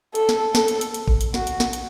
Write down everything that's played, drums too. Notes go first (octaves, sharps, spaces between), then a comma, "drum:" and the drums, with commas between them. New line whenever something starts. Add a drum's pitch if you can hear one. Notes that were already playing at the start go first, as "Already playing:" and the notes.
A4, drum: hi-hat
drum: snare
A4, drum: snare
drum: hi-hat
drum: hi-hat
drum: hi-hat
drum: kick
drum: hi-hat
F#4, drum: snare
drum: hi-hat
drum: snare
drum: hi-hat